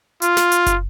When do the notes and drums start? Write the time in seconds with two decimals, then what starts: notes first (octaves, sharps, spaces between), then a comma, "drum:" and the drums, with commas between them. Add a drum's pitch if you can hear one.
0.22 F4, drum: hi-hat
0.37 drum: snare
0.52 drum: hi-hat
0.66 drum: kick, hi-hat